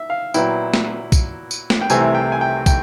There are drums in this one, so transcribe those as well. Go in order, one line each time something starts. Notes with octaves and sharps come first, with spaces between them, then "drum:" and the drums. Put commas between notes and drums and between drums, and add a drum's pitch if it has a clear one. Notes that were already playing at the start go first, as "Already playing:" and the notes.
Already playing: E5
F5
A#2 F#3 B3 E4 G5, drum: tambourine
drum: snare
drum: kick, tambourine
drum: tambourine
drum: snare
G5
C2 C3 E3 A3 C4 G#5, drum: tambourine
G5
G#5
G5
G5, drum: kick, tambourine